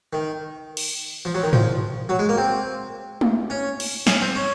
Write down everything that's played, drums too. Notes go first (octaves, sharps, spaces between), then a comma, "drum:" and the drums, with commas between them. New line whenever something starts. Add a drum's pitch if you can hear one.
D#3
drum: cymbal
F3
F#3
D#3
F3, drum: tom G#2
F#3
G#3
A#3
C4
drum: tom G#3
C#4
drum: cymbal
C#4, drum: snare
C4
C#4